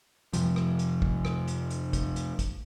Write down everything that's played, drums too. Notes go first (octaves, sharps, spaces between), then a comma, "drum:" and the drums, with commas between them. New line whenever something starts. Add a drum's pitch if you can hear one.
F2 C3 F3, drum: hi-hat
drum: rim click
drum: hi-hat
drum: kick
drum: rim click
drum: hi-hat
drum: hi-hat
drum: kick, hi-hat
drum: hi-hat
drum: kick, hi-hat